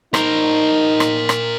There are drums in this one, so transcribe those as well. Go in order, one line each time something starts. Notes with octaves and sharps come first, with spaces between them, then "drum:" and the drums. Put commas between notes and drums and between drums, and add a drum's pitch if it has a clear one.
D#4 A#4 C5, drum: rim click
drum: rim click
drum: rim click